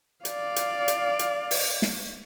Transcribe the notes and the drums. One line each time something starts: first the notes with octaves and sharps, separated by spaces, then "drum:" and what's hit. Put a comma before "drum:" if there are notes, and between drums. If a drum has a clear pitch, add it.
D5 F5, drum: hi-hat
drum: hi-hat
drum: hi-hat
drum: hi-hat
drum: open hi-hat
drum: snare